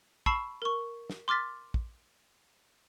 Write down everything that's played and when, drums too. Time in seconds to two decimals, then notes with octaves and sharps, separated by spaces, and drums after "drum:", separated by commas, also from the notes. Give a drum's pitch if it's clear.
0.26 A5 B5 C#6 E6 C7 E7, drum: kick
0.62 A#4 C#6
1.10 drum: snare
1.28 C6 D6 F6 A6 B6
1.74 drum: kick